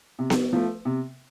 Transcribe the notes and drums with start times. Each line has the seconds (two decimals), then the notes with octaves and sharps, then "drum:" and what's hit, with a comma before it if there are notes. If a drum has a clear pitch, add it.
0.19 C3
0.30 drum: snare B3
0.53 F3 A3
0.85 C3